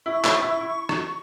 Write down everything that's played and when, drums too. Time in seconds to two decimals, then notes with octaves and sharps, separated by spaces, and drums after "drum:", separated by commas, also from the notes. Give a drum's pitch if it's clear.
0.06 E4 C#6
0.25 E4, drum: clap
0.42 E4
0.61 E4
0.89 drum: rim click